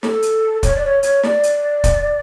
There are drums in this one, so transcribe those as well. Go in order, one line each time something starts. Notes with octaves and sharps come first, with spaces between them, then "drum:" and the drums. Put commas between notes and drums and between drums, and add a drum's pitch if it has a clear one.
A4, drum: snare
drum: hi-hat
C#5, drum: kick, hi-hat
D5
C#5
C#5, drum: hi-hat
D5, drum: snare
drum: hi-hat
drum: kick, hi-hat